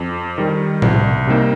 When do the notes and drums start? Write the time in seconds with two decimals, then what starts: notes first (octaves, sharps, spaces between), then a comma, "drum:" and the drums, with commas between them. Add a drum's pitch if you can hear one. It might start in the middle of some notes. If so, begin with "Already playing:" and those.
Already playing: F2
0.38 D#3 G3
0.82 C2, drum: tom A2
1.27 C3 G3 A#3 D#4